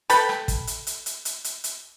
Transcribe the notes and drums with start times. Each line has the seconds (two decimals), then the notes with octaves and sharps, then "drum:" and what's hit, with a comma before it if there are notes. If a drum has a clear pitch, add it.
0.10 A4 B4 G5 B5, drum: hi-hat
0.29 drum: rim click
0.48 drum: kick, hi-hat
0.67 drum: hi-hat
0.87 drum: hi-hat
1.06 drum: hi-hat
1.25 drum: hi-hat
1.44 drum: hi-hat
1.64 drum: hi-hat